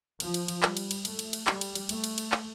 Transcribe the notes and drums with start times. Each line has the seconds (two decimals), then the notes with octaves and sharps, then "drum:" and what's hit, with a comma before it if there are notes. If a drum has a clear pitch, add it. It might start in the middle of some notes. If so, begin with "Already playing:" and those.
0.20 F3, drum: cymbal
0.34 drum: cymbal
0.48 drum: cymbal
0.63 G3, drum: clap
0.77 drum: cymbal
0.91 drum: cymbal
1.05 A3, drum: cymbal
1.19 drum: cymbal
1.33 drum: cymbal
1.47 G3, drum: clap
1.61 drum: cymbal
1.75 drum: cymbal
1.89 A3, drum: cymbal
2.04 drum: cymbal
2.18 drum: cymbal
2.32 drum: clap